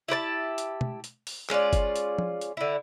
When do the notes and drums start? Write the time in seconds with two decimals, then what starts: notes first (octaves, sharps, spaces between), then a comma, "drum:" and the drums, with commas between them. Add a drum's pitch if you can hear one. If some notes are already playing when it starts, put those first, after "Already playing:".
0.08 E4 G4 B4 A5
0.58 drum: hi-hat
0.81 drum: tom
1.04 drum: hi-hat
1.27 drum: open hi-hat
1.50 G#3 C#4 F4 D5, drum: clap
1.73 drum: kick G1, hi-hat
1.96 drum: hi-hat
2.19 drum: tom F3
2.41 drum: hi-hat
2.57 D3 E4